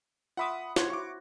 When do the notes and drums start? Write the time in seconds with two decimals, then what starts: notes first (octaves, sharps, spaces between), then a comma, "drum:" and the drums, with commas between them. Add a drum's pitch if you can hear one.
0.37 F4 E5 F#5 B5 D6 D#6
0.76 C5 C#5 F#5, drum: snare
0.90 E4 F#4 C#6 D6